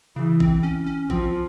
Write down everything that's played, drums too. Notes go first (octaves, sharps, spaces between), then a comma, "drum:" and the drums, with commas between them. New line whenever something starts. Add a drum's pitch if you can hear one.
C#3 E3
C4, drum: kick A1
C#4
C#4
F3 C4, drum: kick A1